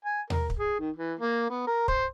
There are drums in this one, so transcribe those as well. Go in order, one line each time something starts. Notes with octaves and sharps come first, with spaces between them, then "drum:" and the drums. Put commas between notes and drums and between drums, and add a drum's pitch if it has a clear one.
G#5
A#4, drum: tom D#2
drum: kick
G#4
D#3
E3
A#3
B3
A#4
C5, drum: kick